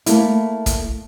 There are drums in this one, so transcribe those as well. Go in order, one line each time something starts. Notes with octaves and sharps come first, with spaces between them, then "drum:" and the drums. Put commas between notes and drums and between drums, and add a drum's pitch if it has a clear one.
A3 A#3 E4, drum: hi-hat
drum: kick, hi-hat